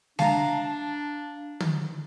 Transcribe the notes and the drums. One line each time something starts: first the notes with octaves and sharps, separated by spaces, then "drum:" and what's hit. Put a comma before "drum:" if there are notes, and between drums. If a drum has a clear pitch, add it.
D4 F5 A5 A#5, drum: snare G#3
drum: tom